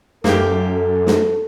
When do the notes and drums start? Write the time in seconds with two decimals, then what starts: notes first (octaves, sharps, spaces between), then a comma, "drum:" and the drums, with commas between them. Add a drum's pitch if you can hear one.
0.24 F#2 A#3 G4 A4, drum: snare
1.07 drum: snare